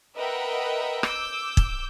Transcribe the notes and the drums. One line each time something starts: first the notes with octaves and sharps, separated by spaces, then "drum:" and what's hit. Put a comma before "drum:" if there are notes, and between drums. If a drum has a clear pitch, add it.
A#4 B4 D#5 E5 F#5 G5
D6 E6 G6, drum: rim click
drum: kick